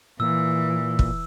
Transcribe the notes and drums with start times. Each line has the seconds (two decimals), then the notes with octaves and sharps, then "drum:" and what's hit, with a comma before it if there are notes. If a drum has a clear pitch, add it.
0.20 A#2 E3 E6
0.99 drum: kick